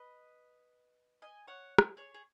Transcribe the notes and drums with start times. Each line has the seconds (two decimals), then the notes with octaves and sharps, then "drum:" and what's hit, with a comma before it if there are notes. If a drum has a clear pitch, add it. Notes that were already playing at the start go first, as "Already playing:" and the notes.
Already playing: B4 D#5
1.22 D#5 G#5
1.47 C#5 F#5
1.78 drum: rim click
1.97 G#4 C#5
2.14 G#4